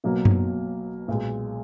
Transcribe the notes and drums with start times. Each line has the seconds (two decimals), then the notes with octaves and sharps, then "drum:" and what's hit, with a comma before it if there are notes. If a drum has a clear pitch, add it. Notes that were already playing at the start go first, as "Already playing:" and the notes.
0.04 B1 B2 F#3 A#3
0.25 drum: tom F#2
1.08 B1 A#2 G#3